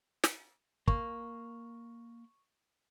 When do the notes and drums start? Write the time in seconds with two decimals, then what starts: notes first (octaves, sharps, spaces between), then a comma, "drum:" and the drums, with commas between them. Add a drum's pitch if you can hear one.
0.24 drum: snare
0.88 A#3 C#6, drum: kick